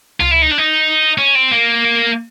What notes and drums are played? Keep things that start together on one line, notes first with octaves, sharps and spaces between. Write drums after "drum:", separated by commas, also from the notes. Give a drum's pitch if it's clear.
F4, drum: tom C#2
E4
D#4
D4
D#4
C#4
C4
A#3